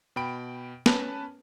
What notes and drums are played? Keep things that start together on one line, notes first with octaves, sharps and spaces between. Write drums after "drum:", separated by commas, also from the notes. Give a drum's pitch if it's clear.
B2 G5 B5 D7
C#4 B4 A5, drum: snare